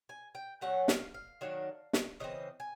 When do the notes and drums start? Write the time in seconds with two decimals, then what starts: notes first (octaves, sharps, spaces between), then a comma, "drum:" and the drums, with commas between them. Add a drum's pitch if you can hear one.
0.09 G#5
0.35 G5
0.61 A#2 F#3 A3 C#4 F#5
0.88 F5, drum: snare
1.14 F5
1.41 D#3 F#3 A#3 D4
1.93 drum: snare
2.20 C#3 E3 C4 D#5
2.60 G#5